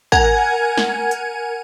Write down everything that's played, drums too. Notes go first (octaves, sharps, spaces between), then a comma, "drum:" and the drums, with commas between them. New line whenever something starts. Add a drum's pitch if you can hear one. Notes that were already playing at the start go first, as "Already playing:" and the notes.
A#4 F#5 G#5 G#6, drum: kick
drum: snare
drum: hi-hat